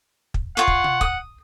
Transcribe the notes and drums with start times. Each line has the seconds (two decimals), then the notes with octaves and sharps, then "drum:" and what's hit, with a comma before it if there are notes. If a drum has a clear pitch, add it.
0.34 drum: kick
0.57 F4 C#5 F5 F#5
0.68 drum: kick
0.84 drum: tom B2
1.01 D#6, drum: kick